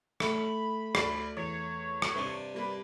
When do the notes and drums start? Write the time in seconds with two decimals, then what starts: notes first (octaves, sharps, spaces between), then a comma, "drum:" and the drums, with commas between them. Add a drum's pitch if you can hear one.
0.20 A3 B5, drum: rim click
0.95 D2 D5, drum: rim click
1.37 E2 C#5
2.02 drum: rim click
2.15 G2 C3 D4
2.54 G3 A#3 B4